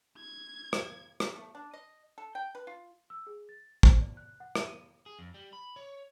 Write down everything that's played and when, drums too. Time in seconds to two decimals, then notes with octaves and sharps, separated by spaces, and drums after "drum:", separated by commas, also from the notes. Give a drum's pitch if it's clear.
0.18 G#6
0.73 drum: rim click
1.20 drum: rim click
1.36 A3
1.55 D4
1.74 D#5
2.18 A4
2.35 G5
2.55 B4
2.67 F4
3.10 E6
3.27 G#4
3.49 A6
3.83 C5, drum: kick
4.01 D5
4.17 F#6
4.40 F#5
4.55 E5, drum: rim click
4.67 D#7
5.06 G#4
5.19 F2
5.34 G3
5.53 B5
5.76 C#5